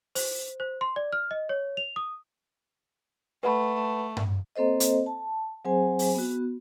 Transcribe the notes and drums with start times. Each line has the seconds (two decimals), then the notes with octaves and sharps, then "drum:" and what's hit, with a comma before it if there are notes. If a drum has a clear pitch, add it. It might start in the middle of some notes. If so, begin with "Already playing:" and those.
0.15 C5, drum: open hi-hat
0.60 C5
0.81 C6
0.96 D5
1.13 F6
1.31 D#5
1.49 C#5
1.77 F7
1.96 D#6
3.43 A3 B4 F#5 B5
4.17 drum: tom G2
4.56 A#3 C4 A4 C5 D#5
4.80 drum: hi-hat
5.06 A5
5.65 F#3 C4 G#4 C5 G#5
5.99 drum: open hi-hat
6.15 B3 F#4